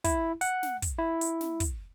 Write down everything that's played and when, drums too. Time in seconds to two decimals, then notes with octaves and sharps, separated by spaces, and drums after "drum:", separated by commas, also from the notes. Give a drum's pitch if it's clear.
0.04 E4, drum: kick, hi-hat
0.41 F#5, drum: hi-hat
0.63 drum: snare
0.82 drum: kick, hi-hat
0.98 E4
1.21 drum: hi-hat
1.41 drum: snare
1.60 drum: kick, hi-hat